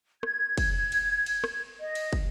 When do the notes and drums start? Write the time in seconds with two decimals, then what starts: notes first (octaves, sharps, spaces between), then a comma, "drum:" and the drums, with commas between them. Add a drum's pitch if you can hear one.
0.23 G#6, drum: rim click
0.58 drum: kick, cymbal
0.92 drum: cymbal
1.26 drum: cymbal
1.44 drum: rim click
1.81 D#5
1.95 drum: cymbal
2.13 drum: kick